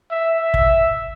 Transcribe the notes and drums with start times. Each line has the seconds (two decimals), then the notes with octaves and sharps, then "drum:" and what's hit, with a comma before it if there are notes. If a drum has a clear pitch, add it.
0.11 E5
0.40 E5
0.54 drum: kick